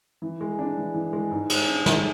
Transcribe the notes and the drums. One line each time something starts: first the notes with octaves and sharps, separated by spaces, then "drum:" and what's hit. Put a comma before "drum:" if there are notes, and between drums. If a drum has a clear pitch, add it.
E3
G#3
D4
E3
E3
G#3
G#2
G#3, drum: cymbal
D4
G#2, drum: snare